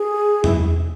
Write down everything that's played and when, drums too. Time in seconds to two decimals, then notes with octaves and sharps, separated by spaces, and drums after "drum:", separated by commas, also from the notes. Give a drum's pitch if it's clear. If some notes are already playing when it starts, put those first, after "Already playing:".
Already playing: G#4
0.44 E4, drum: tom E2